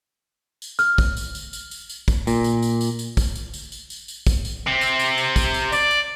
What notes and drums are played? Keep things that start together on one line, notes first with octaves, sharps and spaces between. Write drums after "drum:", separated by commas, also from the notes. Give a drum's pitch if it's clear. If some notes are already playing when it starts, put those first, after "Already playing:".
drum: tambourine
F6, drum: tambourine
drum: kick, tambourine
drum: tambourine
drum: tambourine
drum: tambourine
drum: tambourine
drum: tambourine
drum: kick, tambourine
A#2, drum: tambourine
drum: tambourine
drum: tambourine
drum: tambourine
drum: tambourine
drum: kick, tambourine
drum: tambourine
drum: tambourine
drum: tambourine
drum: tambourine
drum: tambourine
drum: kick, tambourine
drum: tambourine
C3 C4
drum: tambourine
drum: tambourine
drum: tambourine
drum: kick, tambourine
drum: tambourine
D5, drum: tambourine
drum: tambourine